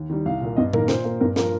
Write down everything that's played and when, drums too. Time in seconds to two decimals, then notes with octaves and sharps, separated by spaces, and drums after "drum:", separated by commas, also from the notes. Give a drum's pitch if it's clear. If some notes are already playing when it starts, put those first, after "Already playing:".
Already playing: D#2
0.10 D#3 G3
0.26 C2 F5
0.41 A#2 A#3
0.56 G2 D#5
0.73 D#3 A#3 A#4, drum: tom A2
0.88 A#2 C5, drum: snare
1.04 A#3
1.21 G2 A#4
1.36 F3 A#3 A#4, drum: snare